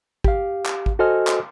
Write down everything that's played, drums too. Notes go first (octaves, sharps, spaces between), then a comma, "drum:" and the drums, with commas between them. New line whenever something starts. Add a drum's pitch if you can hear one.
G4 F5, drum: kick G#1
drum: clap
drum: kick G#1
F#4 A4 C5 D#5 G#5 F6
drum: clap